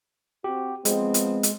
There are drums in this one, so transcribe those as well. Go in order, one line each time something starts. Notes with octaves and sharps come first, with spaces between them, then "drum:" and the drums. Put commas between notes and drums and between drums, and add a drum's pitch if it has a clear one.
C4 F#4 G4
F3 G#3 B3 C4, drum: hi-hat
drum: hi-hat
drum: hi-hat